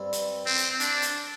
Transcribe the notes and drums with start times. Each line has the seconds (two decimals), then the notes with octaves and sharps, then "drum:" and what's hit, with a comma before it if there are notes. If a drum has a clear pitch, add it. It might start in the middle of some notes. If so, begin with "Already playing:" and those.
Already playing: G2 G3 C4
0.13 drum: hi-hat
0.46 C4
0.57 drum: hi-hat
0.80 D4, drum: hi-hat
1.02 drum: hi-hat